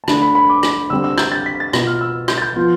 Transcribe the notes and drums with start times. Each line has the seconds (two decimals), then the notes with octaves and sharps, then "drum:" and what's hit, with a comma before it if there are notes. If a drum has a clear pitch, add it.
0.04 A5
0.08 D3 A3 D4 B5, drum: rim click
0.22 B5
0.35 B5
0.49 D6
0.63 drum: rim click
0.90 D3 G3 C4 E6
1.04 E6
1.18 G6, drum: rim click
1.32 A6
1.46 B6
1.60 A6
1.73 B2 B3 F4, drum: rim click
1.87 F6
2.01 E6
2.28 G6, drum: rim click
2.38 A6
2.42 G6
2.56 F3 B3 F4